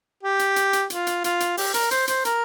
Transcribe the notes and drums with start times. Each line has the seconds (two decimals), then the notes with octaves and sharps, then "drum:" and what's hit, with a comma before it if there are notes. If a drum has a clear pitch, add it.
0.23 G4
0.39 drum: hi-hat
0.56 drum: hi-hat
0.73 drum: hi-hat
0.90 F4, drum: hi-hat
1.07 drum: hi-hat
1.24 F4, drum: hi-hat
1.40 drum: hi-hat
1.57 G4, drum: open hi-hat
1.74 A#4, drum: hi-hat
1.91 C5, drum: hi-hat
2.07 C5, drum: hi-hat
2.25 A#4, drum: hi-hat